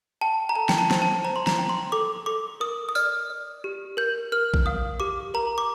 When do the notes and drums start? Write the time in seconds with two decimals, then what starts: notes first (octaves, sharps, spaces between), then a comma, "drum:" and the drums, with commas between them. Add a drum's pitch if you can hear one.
0.21 G5 A5
0.49 A#5
0.55 A4 A5
0.69 G5, drum: snare
0.78 A5
0.91 C5, drum: snare
1.02 A5
1.24 C5 A#5
1.36 C6
1.47 A#5, drum: snare
1.59 G5
1.69 C6
1.92 A4 D6
2.26 A4 D6
2.60 A#4 D#6
2.89 D#6
2.95 D5 F6, drum: tambourine
3.30 D5
3.64 G4
3.97 A#4 G6
4.32 A#4 F6
4.54 drum: kick A#1
4.66 F5 D#6
5.00 G4 D6
5.34 A#4 A#5
5.58 D6